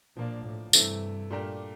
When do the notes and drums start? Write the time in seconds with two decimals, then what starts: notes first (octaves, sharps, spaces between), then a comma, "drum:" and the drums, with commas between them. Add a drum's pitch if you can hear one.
0.17 A#2 F3 A#3 D4
0.46 A2
0.73 G2 C3 E3 A3 C4 E4, drum: tambourine
1.30 A#2 A3 D4 G4 A#4